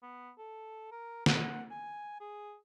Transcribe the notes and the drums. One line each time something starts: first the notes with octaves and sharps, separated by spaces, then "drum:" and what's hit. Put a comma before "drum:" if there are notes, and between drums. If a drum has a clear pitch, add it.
B3
A4
A#4
F#5, drum: snare
G#5
G#4